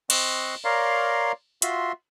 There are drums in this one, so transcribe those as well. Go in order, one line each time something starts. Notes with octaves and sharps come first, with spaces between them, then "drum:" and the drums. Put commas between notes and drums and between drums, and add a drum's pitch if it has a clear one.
C4 D#5 C6 C#6 F#6, drum: cymbal
A#4 C#5 D5 F5 A#5 C6
F4 F#4 E5 C6, drum: hi-hat